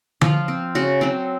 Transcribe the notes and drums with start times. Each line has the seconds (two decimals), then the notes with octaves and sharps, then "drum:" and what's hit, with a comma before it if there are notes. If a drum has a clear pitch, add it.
0.21 F3 F4, drum: tom D3
0.48 C4
0.75 C#3 F#4
1.01 F#3 C4